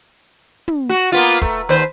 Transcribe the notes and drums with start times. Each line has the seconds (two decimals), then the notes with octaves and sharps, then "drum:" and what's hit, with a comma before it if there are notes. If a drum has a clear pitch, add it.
0.68 drum: tom
0.89 F#4
1.12 A#3 B3 F4
1.42 A3, drum: kick
1.69 D#2 B4 C5